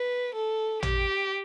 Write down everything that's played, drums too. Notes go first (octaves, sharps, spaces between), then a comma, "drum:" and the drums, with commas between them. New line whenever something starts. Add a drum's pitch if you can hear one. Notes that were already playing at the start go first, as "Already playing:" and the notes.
Already playing: B4
A4
G4, drum: tom A1